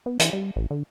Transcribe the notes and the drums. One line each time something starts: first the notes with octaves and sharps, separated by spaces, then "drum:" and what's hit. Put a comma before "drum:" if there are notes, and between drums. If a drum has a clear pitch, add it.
B3
E3, drum: hi-hat
G3
A1
D3